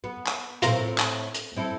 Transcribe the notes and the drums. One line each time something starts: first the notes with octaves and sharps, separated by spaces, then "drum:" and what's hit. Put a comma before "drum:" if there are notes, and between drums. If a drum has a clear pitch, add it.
B3
drum: clap
A2 C4 F4 A#4, drum: hi-hat
drum: clap
drum: hi-hat
C4 E4 A4